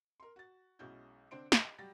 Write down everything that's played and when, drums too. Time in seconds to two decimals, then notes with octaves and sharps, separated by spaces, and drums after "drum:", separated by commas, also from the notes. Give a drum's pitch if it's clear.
0.20 A#4 C6
0.36 F#4 A6
0.79 B1 G#3 C#4 E4 F#4 G6
1.31 D3 C4 D4 C5 C6 D7
1.52 G4 D#5, drum: snare
1.79 F#3 G3 G4 A6 A#6